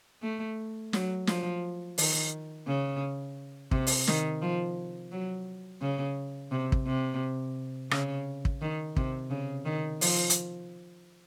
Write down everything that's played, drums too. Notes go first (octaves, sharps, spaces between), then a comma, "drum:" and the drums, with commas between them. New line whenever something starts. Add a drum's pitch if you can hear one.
A3
F#3, drum: snare
F3, drum: snare
D#3, drum: open hi-hat
C#3
C3, drum: kick
drum: open hi-hat
D#3, drum: snare
F3
F#3
C#3
C3
drum: kick
C3
C#3, drum: rim click
drum: kick
D#3
C3, drum: kick
C#3
D#3
F3, drum: open hi-hat
drum: hi-hat